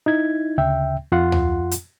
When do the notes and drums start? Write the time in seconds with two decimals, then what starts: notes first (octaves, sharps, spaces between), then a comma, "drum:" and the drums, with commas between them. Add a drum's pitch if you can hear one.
0.06 D#4 E4 G#6
0.58 D2 C#3 E5 G5
1.12 F2 F4 F#5 C6
1.32 drum: tom
1.71 drum: hi-hat